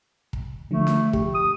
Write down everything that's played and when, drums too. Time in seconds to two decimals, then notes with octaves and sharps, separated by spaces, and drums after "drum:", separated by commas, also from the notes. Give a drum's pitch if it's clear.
0.33 drum: kick
0.71 D3 F3 A3
0.87 drum: snare C#4
1.13 G4, drum: kick
1.34 D#6